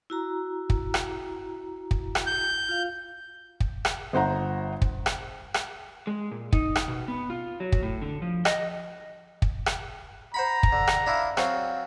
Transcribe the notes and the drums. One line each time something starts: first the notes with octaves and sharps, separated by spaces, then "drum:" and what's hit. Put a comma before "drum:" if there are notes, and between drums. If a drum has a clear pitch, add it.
E4 F#4 A#5
drum: kick
drum: rim click
drum: kick
drum: rim click
G6
F4 F5
drum: kick
drum: rim click
G1 C5 F#5 A#5
drum: kick
drum: rim click
drum: rim click
G#3
A#2
D#4, drum: kick
drum: rim click
B2
B3
F4
F#3
drum: kick
A2
D3
F3
D#5, drum: rim click
drum: kick
drum: rim click
C5 F#5 A#5 B5
drum: kick
D3
drum: rim click
D4 E4 F4
F#3 C4 F4, drum: rim click